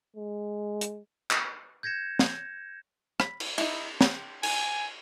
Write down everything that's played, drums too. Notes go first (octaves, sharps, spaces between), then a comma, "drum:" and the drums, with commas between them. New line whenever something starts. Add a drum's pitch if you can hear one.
G#3
drum: hi-hat
drum: clap
G6 G#6 A#6 C#7 E7
drum: snare
B5, drum: rim click
drum: cymbal
D#4 E4, drum: cymbal
G5, drum: snare
G#5, drum: cymbal